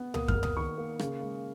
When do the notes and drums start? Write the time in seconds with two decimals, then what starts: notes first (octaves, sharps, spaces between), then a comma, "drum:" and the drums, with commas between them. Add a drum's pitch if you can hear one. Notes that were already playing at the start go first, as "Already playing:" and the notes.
Already playing: B3
0.14 A#3 D#6, drum: tom C#2
0.28 F6, drum: kick F#2
0.35 A#3
0.43 D#6, drum: tom C#2
0.57 D#3 C#6
0.78 A#3
0.99 C#3, drum: rim click
1.21 G#3